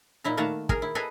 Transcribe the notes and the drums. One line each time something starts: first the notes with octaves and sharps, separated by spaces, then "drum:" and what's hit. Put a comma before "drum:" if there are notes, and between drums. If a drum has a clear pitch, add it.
A#2 D#4 E4 A#5
D#3 A3 A#3 F#5 A5 A#5
G#4 A#4, drum: kick
E4
G#4 A4 B4 D#5 G#5 A#5